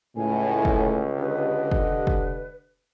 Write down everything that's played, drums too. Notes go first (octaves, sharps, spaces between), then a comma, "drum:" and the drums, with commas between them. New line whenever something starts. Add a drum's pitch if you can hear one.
C#2 A2 G#5
drum: kick
D3 G4 B4 D#5
drum: kick
drum: kick